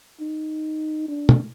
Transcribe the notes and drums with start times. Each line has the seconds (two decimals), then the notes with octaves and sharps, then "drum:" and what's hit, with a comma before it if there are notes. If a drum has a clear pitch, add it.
0.20 D#4
1.08 D4
1.29 drum: tom